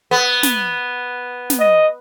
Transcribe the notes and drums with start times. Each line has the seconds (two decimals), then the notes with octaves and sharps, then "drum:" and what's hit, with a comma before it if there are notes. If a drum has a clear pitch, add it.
0.11 B3
0.43 drum: snare
1.50 drum: snare
1.60 D#5